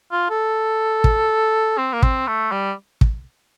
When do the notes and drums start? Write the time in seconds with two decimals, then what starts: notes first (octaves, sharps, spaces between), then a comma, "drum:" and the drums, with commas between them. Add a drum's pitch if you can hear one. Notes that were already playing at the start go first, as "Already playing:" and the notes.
0.12 F4
0.30 A4
1.04 drum: kick
1.78 C4
1.93 A#3
2.02 C4, drum: kick
2.27 A3
2.52 G3
3.01 drum: kick